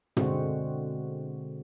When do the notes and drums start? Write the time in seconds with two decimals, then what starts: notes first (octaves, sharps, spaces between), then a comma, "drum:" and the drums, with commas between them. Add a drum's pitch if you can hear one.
0.17 B2 D3 G#3 C4 F#4, drum: tom